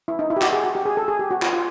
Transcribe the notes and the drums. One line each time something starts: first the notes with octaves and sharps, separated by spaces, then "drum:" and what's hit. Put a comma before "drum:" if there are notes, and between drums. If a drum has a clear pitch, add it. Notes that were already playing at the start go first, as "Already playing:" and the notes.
E4
D#4
E4
G4
F#4, drum: clap
G#4
F#4
G4
G#4
A4
G#4
G4
F#4
F4, drum: clap
F4